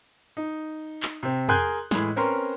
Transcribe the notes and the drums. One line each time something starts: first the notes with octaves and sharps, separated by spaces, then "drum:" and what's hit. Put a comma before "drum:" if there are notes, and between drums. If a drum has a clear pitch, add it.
D#4
drum: clap
C3 C4
G#4 A#4 G#5 C6 F#6 G6, drum: tom
A2 E3 G#3, drum: snare
C4 C#4 A#4 B4 A#5 C6